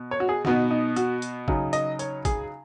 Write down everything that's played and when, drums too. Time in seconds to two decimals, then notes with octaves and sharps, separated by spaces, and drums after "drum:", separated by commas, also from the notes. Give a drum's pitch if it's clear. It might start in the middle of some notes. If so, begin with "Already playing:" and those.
Already playing: B2
0.11 C#5
0.20 F#4
0.29 G#4
0.45 B2 B3 D#4 F#4, drum: snare
0.71 D#4
0.96 F#4, drum: hi-hat
1.22 drum: hi-hat
1.48 C#3 F#3 D#4, drum: kick
1.73 D#5, drum: hi-hat
1.99 C#5, drum: hi-hat
2.25 G#4, drum: kick, hi-hat